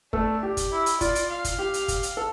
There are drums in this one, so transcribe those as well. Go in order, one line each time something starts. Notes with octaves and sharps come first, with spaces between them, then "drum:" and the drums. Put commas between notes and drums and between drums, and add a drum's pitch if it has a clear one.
A3 D4 A4, drum: kick
G4
drum: kick, hi-hat
E4
drum: hi-hat
F4 D5, drum: kick, hi-hat
drum: hi-hat
F5
drum: kick, hi-hat
G4
drum: hi-hat
drum: kick, hi-hat
drum: hi-hat
A4